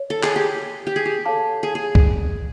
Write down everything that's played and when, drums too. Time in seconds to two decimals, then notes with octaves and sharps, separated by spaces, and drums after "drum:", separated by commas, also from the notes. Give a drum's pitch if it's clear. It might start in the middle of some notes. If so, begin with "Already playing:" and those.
Already playing: C#5
0.10 A4
0.23 G#4, drum: clap
0.36 G4
0.87 G4
0.96 G#4
1.05 G4
1.25 A4 C#5 F5 A5 D6
1.63 G#4
1.75 G#4
1.95 drum: kick C#2